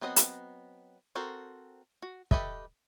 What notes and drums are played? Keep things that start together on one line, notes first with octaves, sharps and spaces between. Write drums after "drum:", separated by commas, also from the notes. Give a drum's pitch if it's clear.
F#3 B3 C4 D#5 F#5
drum: hi-hat
C4 F#4 A4 A#4 C5
F#4
G4 A4 B4 D#5 E5, drum: kick